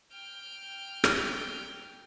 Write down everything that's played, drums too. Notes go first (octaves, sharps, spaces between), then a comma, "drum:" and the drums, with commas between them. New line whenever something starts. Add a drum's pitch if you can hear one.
G5 F6
drum: rim click